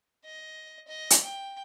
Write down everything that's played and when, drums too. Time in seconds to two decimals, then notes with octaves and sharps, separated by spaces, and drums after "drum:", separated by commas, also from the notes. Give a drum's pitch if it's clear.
0.25 D#5
0.88 D#5
1.10 drum: hi-hat
1.23 G5